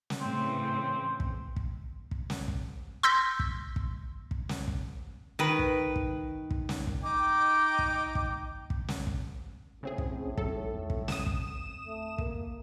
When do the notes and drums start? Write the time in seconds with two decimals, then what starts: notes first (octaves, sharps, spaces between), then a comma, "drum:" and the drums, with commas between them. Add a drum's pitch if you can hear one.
0.10 drum: snare
0.21 A2 C#3 E3 C4
1.20 drum: kick
1.56 drum: kick
2.11 drum: kick
2.30 drum: snare
2.48 drum: kick
3.03 C6 E6 G6 A#6 B6
3.39 drum: kick
3.76 drum: kick
4.31 drum: kick
4.49 drum: snare
4.68 drum: kick
5.39 D#3 B4
5.59 drum: kick
5.96 drum: kick
6.51 drum: kick
6.69 drum: snare
6.87 drum: kick
7.04 D#4 G5 D6
7.79 drum: kick
8.15 drum: kick
8.70 drum: kick
8.88 drum: snare
9.07 drum: kick
9.83 A2 C#3 C4 G#4
9.98 drum: kick
10.38 G#1 F#3 A4, drum: kick
10.74 F2
10.90 drum: kick
11.08 D#6 E7, drum: snare
11.26 drum: kick
11.87 A3
12.18 A#3, drum: kick